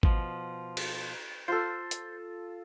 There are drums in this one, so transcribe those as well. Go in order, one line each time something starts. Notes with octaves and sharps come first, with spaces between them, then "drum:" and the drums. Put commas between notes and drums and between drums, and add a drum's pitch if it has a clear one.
B2 F3, drum: kick G#1
drum: cymbal
F4 A4 C5
drum: hi-hat